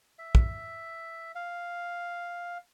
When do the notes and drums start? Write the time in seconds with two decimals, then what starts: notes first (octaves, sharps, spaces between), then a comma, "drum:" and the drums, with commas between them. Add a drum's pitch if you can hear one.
0.19 E5
0.35 drum: kick
1.35 F5